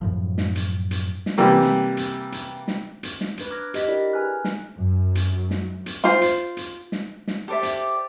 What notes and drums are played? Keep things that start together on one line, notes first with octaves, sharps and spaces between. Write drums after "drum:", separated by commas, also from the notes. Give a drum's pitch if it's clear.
F#2 A2 F3
drum: snare
drum: hi-hat
drum: hi-hat
drum: snare
C3 E3 G3 A#3
drum: snare
drum: hi-hat
drum: hi-hat
drum: snare
drum: hi-hat
drum: snare
D4 B4, drum: hi-hat
A#5 D6 F6 F#6 G#6 A#6
G4 D#5 B6, drum: hi-hat
D4 E4 G4 A#4 D5
G#4 B4 G#5 A#5 F6 F#6
drum: snare
F#2
drum: hi-hat
drum: snare
drum: hi-hat
F4 C5, drum: snare
drum: hi-hat
drum: hi-hat
drum: snare
drum: snare
G4 A4 C5 D5 E5
drum: hi-hat